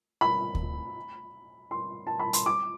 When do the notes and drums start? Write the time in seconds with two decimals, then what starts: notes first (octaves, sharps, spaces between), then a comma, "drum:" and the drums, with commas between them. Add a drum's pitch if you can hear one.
0.21 B5
0.55 drum: kick D2
1.71 C6
2.07 A5
2.20 B5
2.33 C6, drum: hi-hat
2.46 D6